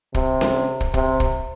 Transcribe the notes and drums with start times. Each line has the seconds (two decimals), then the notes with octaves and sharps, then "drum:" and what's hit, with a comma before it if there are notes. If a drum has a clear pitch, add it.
0.15 C3, drum: kick
0.41 drum: snare C#4
0.81 drum: kick
0.94 C3, drum: kick
1.20 drum: kick